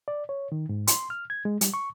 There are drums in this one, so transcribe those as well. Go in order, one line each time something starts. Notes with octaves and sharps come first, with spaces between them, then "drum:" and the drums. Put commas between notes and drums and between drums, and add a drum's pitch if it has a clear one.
D5
C#5
D#3
G#2
C6, drum: hi-hat
F6
G#6
G#3
G3, drum: hi-hat
C#6